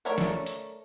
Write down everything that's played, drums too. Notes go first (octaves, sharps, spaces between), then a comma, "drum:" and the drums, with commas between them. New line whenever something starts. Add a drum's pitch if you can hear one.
A3 A4 A#4 C#5 D5
drum: snare
drum: hi-hat